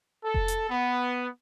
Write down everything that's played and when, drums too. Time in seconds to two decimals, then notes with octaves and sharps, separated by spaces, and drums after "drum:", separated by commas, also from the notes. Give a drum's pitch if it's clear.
0.25 A4
0.34 drum: kick F1
0.48 drum: hi-hat
0.70 B3